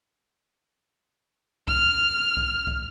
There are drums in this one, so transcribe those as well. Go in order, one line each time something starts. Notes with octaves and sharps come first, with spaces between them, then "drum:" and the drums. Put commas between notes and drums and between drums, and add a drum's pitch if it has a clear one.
F6, drum: kick C2
drum: kick C2
drum: kick C2